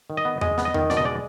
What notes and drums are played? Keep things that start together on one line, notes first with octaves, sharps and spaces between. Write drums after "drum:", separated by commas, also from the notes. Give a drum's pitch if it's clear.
D#3
D#5
B3
G#3 D#5, drum: tom E2
B3, drum: snare
D#5
D#3, drum: tom E2
B2 D5, drum: snare
D#5
G#3 D5